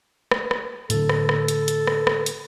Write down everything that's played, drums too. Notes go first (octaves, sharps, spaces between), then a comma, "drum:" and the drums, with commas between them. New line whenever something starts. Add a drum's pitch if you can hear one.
drum: rim click
drum: rim click
A2 D3 A4, drum: hi-hat
drum: rim click
drum: rim click
drum: hi-hat
drum: hi-hat
drum: rim click
drum: rim click
drum: hi-hat